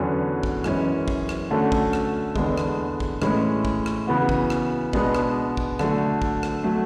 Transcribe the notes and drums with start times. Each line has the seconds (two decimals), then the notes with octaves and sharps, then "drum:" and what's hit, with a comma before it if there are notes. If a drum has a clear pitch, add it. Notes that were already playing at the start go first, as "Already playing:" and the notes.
Already playing: E2 D3 F#3 C#4
0.43 drum: kick
0.64 F#2 E3 G#3 C#4, drum: rim click
1.08 drum: kick
1.29 drum: rim click
1.50 D3 A3 C#4 F#4
1.72 drum: kick
1.93 drum: rim click
2.36 E2 D3 G#3, drum: kick
2.58 drum: rim click
3.00 drum: kick
3.22 A2 E3 G#3 C#4, drum: rim click
3.65 drum: kick
3.86 drum: rim click
4.07 C#3 E3 B3 F#4
4.29 drum: kick
4.50 drum: rim click
4.93 B2 G#3 B3 D4 G#4, drum: kick
5.15 drum: rim click
5.57 drum: kick
5.79 D3 F#3 A3, drum: rim click
6.22 drum: kick
6.43 drum: rim click
6.64 F#3 A3